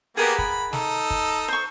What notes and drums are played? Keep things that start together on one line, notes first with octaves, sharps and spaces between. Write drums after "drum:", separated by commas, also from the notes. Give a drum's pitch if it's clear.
A#3 B3 G4 G#4 A#4 F#5
B5, drum: kick
D#4 A4, drum: snare
drum: kick
C5 C#6